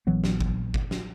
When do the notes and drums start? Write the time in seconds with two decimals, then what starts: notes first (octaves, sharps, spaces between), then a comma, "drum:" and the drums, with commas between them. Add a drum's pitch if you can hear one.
0.07 A#1 E3 F#3 B3
0.24 drum: snare
0.41 drum: kick G1
0.74 drum: kick G1
0.91 drum: snare